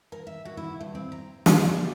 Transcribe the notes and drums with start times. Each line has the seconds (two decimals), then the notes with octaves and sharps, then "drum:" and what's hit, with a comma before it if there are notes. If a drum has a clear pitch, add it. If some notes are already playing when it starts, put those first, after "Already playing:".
0.12 A#4
0.27 E5
0.45 F#4
0.57 E4
0.81 G2
0.95 C4
1.12 A#5
1.46 G4, drum: snare
1.65 D5